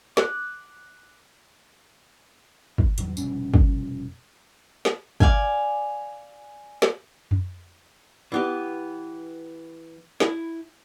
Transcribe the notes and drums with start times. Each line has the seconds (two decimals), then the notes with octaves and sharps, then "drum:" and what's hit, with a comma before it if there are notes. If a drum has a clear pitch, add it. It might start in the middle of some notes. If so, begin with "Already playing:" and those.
0.17 D6 F#6, drum: snare
2.78 drum: kick
2.98 E2 D#3 F#3 G3, drum: hi-hat
3.17 F1 B2 G3 C#4, drum: tambourine
3.54 drum: kick
4.85 drum: snare
5.20 D5 F5 G#5, drum: kick
6.82 drum: snare
7.31 drum: tom F2
8.32 E3 B3 G4
10.20 E4, drum: snare